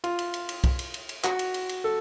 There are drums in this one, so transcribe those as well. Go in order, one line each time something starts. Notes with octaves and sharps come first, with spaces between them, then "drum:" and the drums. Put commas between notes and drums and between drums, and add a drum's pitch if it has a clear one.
F4, drum: cymbal
drum: cymbal
drum: cymbal
drum: cymbal
drum: kick, cymbal
drum: cymbal
drum: cymbal
drum: cymbal
F#4, drum: clap
drum: cymbal
drum: cymbal
drum: cymbal
A4